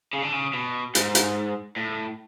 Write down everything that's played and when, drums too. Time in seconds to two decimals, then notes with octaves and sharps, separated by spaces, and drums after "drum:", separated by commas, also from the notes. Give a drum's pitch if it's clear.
0.13 C#3
0.22 D3
0.32 C#3
0.54 B2
0.95 G#2, drum: hi-hat
1.15 drum: hi-hat
1.76 A2